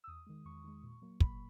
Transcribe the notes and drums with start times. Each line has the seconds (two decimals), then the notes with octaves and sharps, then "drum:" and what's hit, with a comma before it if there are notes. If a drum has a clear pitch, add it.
0.04 E6
0.07 E2 D#6
0.26 D#3 G#3
0.45 E2 C#6
0.64 D#3 G#3
0.83 A#2
1.02 F#3 A#3
1.20 A#2 B5, drum: kick